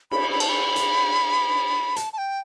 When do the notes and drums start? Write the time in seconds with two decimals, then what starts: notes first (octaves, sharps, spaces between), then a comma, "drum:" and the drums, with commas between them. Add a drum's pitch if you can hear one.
0.11 B5, drum: cymbal
0.32 B5
0.40 A5, drum: cymbal
0.49 B5
0.76 drum: hi-hat
1.96 A5, drum: hi-hat
2.13 A5
2.18 G5